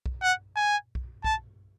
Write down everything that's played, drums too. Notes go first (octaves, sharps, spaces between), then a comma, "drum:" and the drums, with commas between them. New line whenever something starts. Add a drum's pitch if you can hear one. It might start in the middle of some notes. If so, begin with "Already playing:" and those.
drum: kick B1
F#5
G#5
drum: kick B1
A5, drum: kick B1